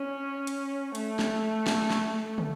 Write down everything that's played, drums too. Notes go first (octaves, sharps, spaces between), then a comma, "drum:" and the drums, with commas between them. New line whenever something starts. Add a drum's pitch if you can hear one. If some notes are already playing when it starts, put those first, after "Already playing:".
Already playing: C#4
drum: hi-hat
A3, drum: hi-hat
drum: snare
drum: snare
drum: snare
drum: tom